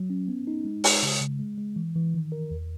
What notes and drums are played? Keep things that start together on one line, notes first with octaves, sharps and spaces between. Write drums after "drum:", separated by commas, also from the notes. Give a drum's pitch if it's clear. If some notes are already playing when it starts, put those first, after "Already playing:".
Already playing: F#3
C#4
B3
D#4
G#3
G#3, drum: open hi-hat
C#3
C#3
G#3
G#3
E3
E3
D#3
A#4
E2